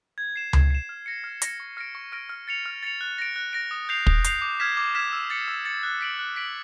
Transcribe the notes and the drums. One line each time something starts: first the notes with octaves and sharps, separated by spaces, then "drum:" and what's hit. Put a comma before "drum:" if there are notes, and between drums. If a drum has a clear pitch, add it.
G#6
C7 E7
G#6, drum: tom C#2
C7 E7
F6
A#6 C#7
F6
A#6 C#7, drum: hi-hat
C#6
F6 A#6 D7
C#6
F6 A#6 D7
F6
A6 C#7 F7
F6
A6 C#7 F7
F#6
A#6 D7
F#6
A#6 D7
D#6
G6 C7 F7
D#6, drum: kick
G6 C7 F7, drum: hi-hat
D6
F6 G#6 B6 E7
D6
F6 G#6 B6 E7
E6
A6 C#7
E6
A6 C#7
F#6
B6 D7 F#7
F#6
B6 D7 F#7